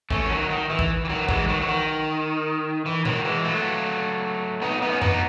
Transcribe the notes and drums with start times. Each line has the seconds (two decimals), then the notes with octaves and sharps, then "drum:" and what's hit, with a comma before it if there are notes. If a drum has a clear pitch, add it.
0.10 A3 C#4, drum: kick
0.25 E3
0.30 D#3 F#3
0.50 D#3
0.69 E3
0.79 drum: kick
1.05 E3
1.09 D#3 F#3
1.29 E3 G#3, drum: kick
1.48 D#3 F#3
1.62 E3
1.68 D#3
2.86 E3
3.05 D#3 F#3, drum: tom
3.25 E3 G#3
3.44 F#3 A3
4.62 B3 D#4
4.82 B3 D#4
4.92 C#4
5.02 B3 D#4, drum: tom F2